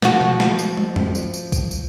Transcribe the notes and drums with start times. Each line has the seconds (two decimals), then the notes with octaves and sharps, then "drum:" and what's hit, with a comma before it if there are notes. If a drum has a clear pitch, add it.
0.02 F3 F#4, drum: snare
0.21 drum: tom B2
0.40 drum: snare
0.59 drum: tambourine
0.77 drum: tom
0.96 drum: tom F2
1.15 drum: tambourine
1.34 drum: tambourine
1.52 drum: kick, tambourine
1.71 drum: tambourine